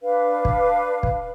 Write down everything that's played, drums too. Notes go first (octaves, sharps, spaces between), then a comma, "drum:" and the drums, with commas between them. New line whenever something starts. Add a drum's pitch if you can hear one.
D4 B4 F5
drum: kick
drum: kick